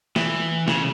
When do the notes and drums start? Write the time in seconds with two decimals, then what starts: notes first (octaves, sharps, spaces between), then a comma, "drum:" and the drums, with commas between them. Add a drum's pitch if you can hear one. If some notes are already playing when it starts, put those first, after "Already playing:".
0.16 E3, drum: snare
0.68 C#3, drum: snare